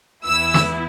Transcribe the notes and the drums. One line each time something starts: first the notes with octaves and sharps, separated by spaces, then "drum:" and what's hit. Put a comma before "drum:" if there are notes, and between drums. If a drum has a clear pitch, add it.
E2 E3 B3 E4 E6
drum: snare